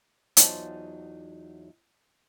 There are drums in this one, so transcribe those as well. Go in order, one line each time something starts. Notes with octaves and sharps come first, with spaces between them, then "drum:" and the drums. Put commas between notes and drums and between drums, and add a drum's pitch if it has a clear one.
E2 F#3 D#4 F4 C5 A5, drum: hi-hat